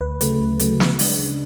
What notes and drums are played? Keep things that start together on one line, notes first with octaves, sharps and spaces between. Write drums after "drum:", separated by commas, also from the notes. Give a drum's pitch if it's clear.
D2 B4
C#3 F#3 A3 B4, drum: hi-hat
D2
C#3 F#3 A3, drum: hi-hat
C#3, drum: snare
G#3 D4, drum: open hi-hat
C#3